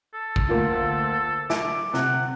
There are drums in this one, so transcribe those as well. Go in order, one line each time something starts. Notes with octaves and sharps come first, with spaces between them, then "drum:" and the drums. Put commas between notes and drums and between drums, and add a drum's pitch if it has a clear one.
A4
drum: kick
D2 A#3 F4
E5 D6, drum: snare
C3 F#5, drum: snare